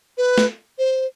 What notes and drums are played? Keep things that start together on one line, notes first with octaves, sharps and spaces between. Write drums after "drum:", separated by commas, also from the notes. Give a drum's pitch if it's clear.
B4
drum: snare
C5